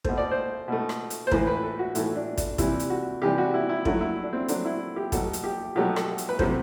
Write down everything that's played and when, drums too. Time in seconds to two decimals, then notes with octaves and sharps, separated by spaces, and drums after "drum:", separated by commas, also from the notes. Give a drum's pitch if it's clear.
0.04 B2 A3 C5, drum: kick
0.18 D5
0.31 C5
0.68 B2 A3
0.89 drum: rim click
1.10 drum: hi-hat
1.27 C5
1.31 A2 E3 A3 B4, drum: kick
1.47 B4
1.63 A4
1.79 F#4
1.95 A2 E3 A3 E4, drum: hi-hat
2.16 D4
2.37 D4, drum: kick, hi-hat
2.58 C3 E3 G3 E4, drum: kick, hi-hat
2.80 drum: hi-hat
2.90 F#4
3.22 C3 E3 G3 G4
3.38 F#4
3.54 E4
3.69 E4
3.85 D3 F#3 A3 E4, drum: kick
4.01 E4
4.23 D4
4.33 C4
4.48 D3 F#3 A3 D4, drum: hi-hat
4.65 E4
4.96 G4
5.12 B2 F#3 A3 A4, drum: kick, hi-hat
5.33 drum: hi-hat
5.44 G4
5.76 B2 F#3 A3 G4
5.96 A4, drum: rim click
6.18 drum: hi-hat
6.29 B4
6.39 C3 F#3 A3 C5, drum: kick